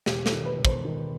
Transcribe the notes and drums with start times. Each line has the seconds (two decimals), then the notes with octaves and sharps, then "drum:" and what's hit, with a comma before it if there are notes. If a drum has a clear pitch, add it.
0.06 E1 G4, drum: snare
0.26 A4, drum: snare
0.33 D#3
0.45 B4
0.58 E1
0.65 C5, drum: kick
0.85 D#3